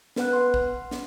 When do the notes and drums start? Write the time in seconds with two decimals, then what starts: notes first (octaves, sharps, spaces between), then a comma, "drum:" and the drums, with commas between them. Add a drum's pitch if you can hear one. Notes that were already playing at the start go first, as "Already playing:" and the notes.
0.16 B3 B4 F#5 F#6, drum: snare
0.33 F#5 C6
0.54 drum: kick
0.91 drum: snare